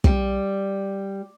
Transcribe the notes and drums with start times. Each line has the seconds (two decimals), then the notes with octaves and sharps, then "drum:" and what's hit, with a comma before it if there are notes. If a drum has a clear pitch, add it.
0.04 G3, drum: kick